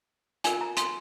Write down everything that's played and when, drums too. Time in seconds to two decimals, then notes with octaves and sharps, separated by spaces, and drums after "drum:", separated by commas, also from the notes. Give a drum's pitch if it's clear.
0.44 F4 A#4 G#5, drum: hi-hat
0.61 A#5
0.77 C6, drum: hi-hat